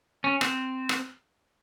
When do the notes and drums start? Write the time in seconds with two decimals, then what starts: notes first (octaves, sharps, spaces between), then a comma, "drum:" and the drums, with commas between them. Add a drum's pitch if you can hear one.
0.24 C#4
0.41 C4, drum: rim click
0.89 drum: rim click